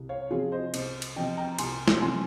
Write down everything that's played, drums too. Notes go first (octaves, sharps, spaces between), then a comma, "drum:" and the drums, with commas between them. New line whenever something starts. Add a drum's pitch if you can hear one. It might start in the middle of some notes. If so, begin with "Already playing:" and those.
Already playing: C2
C#5 F5
C3 F3 C4 F4 G#4
C5 D#5
C2, drum: cymbal
drum: cymbal
C3 F3 C4 D#5 G5
G5 A#5
C2 G#5 C6, drum: cymbal
drum: snare
C3 F3 C4 G#5 C6